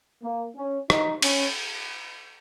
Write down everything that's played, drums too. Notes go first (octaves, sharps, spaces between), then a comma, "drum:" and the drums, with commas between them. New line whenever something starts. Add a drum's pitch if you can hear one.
A#3
C#4
D#4, drum: rim click
C#4, drum: cymbal